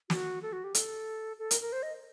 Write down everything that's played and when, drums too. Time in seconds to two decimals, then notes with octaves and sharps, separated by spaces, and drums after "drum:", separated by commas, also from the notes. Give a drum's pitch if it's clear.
0.10 F#4, drum: snare
0.42 A4
0.53 F#4
0.64 G4
0.75 A4, drum: hi-hat
1.39 A4
1.51 A#4, drum: hi-hat
1.61 A#4
1.72 C5
1.83 D#5